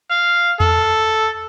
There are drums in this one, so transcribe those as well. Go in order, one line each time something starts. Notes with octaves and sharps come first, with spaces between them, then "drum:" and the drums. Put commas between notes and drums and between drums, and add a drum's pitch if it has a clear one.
F5
A4, drum: tom E2